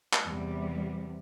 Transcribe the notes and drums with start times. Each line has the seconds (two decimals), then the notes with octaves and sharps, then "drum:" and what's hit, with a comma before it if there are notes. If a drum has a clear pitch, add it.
0.13 drum: clap
0.24 E2 C3 G3